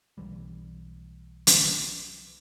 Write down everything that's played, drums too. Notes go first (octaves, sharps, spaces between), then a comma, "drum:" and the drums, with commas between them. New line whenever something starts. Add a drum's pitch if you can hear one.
B1 E3 G3
drum: hi-hat